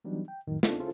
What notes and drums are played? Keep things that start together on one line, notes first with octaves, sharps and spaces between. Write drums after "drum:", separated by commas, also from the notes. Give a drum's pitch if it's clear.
E3 F#3 G3 B3 D4 D#4
G5
F2 A2 D#3 F#3
B3 C4 D4 D#4 F4 A4, drum: snare
C#4 E4 F4 G#4 A4 C5